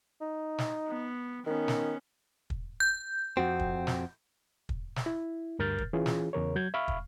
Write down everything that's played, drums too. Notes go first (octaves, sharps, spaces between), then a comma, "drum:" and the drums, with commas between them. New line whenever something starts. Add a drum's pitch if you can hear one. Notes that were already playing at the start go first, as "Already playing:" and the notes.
D#4
drum: snare
B3
D#3 B3 C#4
drum: snare
drum: kick
G6
F2 C4 F#4
drum: kick
drum: snare
drum: kick
drum: snare
E4
D2 G2 A#4 F6 G6 A6
drum: kick
E3 C#4 F4 G#4
drum: snare
E2 C#3 A#4 C#5
F#3 G6 G#6
E5 F5 B5 C#6 F6
drum: kick